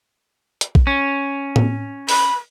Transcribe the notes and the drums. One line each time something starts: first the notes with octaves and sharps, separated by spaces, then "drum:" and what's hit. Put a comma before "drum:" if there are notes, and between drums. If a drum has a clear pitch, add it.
drum: hi-hat
drum: kick A#1
C#4
drum: tom A2
B5, drum: open hi-hat